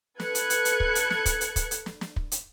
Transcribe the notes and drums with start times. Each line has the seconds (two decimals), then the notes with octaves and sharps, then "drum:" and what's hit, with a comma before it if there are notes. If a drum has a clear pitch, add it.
0.20 A4 B4 F#6 G#6 C#7, drum: snare
0.35 drum: hi-hat
0.50 drum: hi-hat
0.65 drum: hi-hat
0.80 drum: kick
0.95 drum: hi-hat
1.10 drum: snare
1.26 drum: kick, hi-hat
1.41 drum: hi-hat
1.56 drum: kick, hi-hat
1.71 drum: hi-hat
1.86 drum: snare
2.01 drum: snare
2.16 drum: kick
2.32 drum: hi-hat